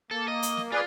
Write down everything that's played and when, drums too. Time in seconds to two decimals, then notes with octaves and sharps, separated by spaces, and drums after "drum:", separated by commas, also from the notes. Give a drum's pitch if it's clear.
0.11 A#3 A4
0.28 D#5
0.43 drum: hi-hat
0.57 drum: snare
0.72 F4 G#4 B4 D5